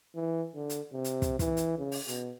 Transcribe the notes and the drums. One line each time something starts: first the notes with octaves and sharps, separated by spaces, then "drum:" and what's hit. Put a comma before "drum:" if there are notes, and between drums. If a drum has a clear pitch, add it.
E3
D3
drum: hi-hat
C3
drum: hi-hat
drum: kick, hi-hat
E3, drum: kick, hi-hat
drum: hi-hat
C#3
drum: open hi-hat
B2, drum: hi-hat